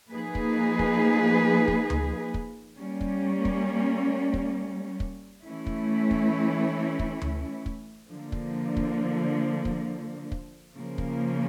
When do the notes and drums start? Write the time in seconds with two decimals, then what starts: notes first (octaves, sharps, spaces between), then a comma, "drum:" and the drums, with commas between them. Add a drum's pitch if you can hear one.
0.13 F3 A#3 D#4 G#4 B4
0.35 drum: kick
0.79 drum: kick
1.68 drum: kick
1.90 drum: tom D2
2.34 drum: kick
2.78 G3 A#3 C#4
3.01 drum: kick
3.45 drum: kick
4.34 drum: kick
5.00 drum: kick
5.44 E3 A3 C#4 E4
5.66 drum: kick
6.11 drum: kick
6.99 drum: kick
7.22 drum: tom D2
7.66 drum: kick
8.10 D3 F3 A#3
8.32 drum: kick
8.77 drum: kick
9.65 drum: kick
10.32 drum: kick
10.76 C#3 F3 A#3
10.98 drum: kick